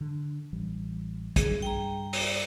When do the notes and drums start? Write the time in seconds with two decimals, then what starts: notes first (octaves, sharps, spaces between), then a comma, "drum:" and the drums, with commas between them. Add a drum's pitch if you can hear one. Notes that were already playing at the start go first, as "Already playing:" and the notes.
0.01 D3
0.53 A1 E3 G3
1.36 G2 G#4, drum: kick, hi-hat
1.62 G5 A#5
2.13 drum: open hi-hat
2.22 D5